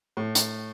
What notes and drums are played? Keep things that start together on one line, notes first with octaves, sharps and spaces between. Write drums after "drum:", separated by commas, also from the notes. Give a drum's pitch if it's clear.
A2
drum: hi-hat